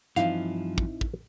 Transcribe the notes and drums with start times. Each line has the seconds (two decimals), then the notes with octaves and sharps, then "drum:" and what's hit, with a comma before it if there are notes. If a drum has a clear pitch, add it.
0.16 G2 E3 F3 C4 D#4 E4 F5, drum: hi-hat
0.78 drum: kick
1.01 drum: kick